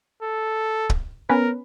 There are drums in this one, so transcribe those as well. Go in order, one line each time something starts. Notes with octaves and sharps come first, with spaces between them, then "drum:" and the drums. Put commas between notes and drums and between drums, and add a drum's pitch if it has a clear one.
A4
drum: kick
B3 C#4 A#4 B4